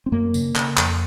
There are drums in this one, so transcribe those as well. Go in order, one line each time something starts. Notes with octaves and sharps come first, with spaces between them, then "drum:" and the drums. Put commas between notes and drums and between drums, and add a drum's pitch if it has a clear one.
C4
F#2 A#3
C#3, drum: tambourine
C#3, drum: clap
F2, drum: clap